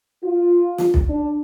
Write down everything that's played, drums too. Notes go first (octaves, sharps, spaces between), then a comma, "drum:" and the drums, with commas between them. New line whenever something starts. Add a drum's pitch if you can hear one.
F4
drum: snare
drum: kick B1
D4